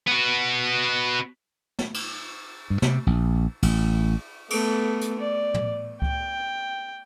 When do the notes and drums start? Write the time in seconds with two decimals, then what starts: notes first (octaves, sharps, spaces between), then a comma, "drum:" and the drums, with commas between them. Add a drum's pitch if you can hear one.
0.07 B3 F#4
1.79 drum: snare
1.94 drum: cymbal
2.70 G2
2.82 C3, drum: snare
3.07 A#1
3.62 A1, drum: cymbal
4.50 A3 B3, drum: cymbal
5.01 drum: hi-hat
5.19 D5
5.54 drum: tom
6.02 G5, drum: kick C#2